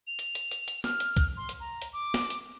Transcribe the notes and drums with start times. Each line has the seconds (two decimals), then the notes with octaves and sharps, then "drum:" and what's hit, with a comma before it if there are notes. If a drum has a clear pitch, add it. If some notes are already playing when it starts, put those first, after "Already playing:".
0.07 F7
0.19 drum: hi-hat
0.35 drum: hi-hat
0.51 drum: hi-hat
0.68 drum: hi-hat
0.84 F6, drum: snare
1.00 drum: hi-hat
1.17 drum: kick C2, hi-hat
1.37 C6
1.49 drum: hi-hat
1.60 A#5
1.82 drum: hi-hat
1.93 D6
2.14 drum: snare
2.30 drum: hi-hat